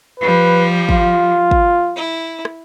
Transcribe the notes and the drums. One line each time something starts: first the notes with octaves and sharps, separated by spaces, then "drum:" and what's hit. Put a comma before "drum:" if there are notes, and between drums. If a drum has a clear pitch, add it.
F3 G3 B4
F4, drum: kick
drum: kick
E4
drum: rim click